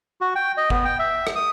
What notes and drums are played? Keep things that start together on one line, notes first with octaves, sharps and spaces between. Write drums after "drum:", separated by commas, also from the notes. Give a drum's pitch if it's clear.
F#4
G5
D#5
B3, drum: kick G1
G5
E5
drum: rim click
D#6